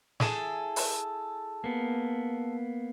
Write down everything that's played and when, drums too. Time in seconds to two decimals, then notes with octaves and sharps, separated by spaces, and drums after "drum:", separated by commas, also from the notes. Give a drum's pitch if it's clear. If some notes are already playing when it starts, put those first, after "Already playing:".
0.20 E4 G#4 A4, drum: snare
0.76 drum: open hi-hat
1.64 A#3 B3